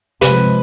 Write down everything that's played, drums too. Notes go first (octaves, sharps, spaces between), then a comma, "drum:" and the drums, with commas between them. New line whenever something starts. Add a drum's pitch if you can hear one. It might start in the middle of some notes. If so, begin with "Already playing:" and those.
C3 F3 G#3 B4, drum: snare